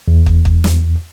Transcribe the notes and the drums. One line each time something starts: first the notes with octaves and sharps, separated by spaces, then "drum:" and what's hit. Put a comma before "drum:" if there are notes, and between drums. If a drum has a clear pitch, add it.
E2
drum: kick
drum: kick
drum: snare